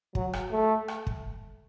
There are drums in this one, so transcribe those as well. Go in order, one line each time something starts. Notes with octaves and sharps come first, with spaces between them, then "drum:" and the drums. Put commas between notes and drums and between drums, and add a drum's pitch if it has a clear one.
F#3, drum: kick
drum: rim click
A3
drum: rim click
drum: kick